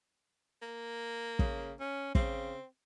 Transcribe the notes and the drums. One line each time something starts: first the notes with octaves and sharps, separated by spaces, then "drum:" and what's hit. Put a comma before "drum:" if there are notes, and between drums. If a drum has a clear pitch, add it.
A#3
C#3, drum: kick
C#4
C#3 C4, drum: kick